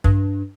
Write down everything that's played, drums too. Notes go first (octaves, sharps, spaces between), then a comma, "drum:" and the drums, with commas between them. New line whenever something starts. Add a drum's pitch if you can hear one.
G2, drum: kick